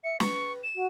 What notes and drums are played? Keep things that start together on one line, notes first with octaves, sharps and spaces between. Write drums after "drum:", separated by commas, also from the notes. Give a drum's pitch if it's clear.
E5 C#7
B4 C#6, drum: snare
E7
F#4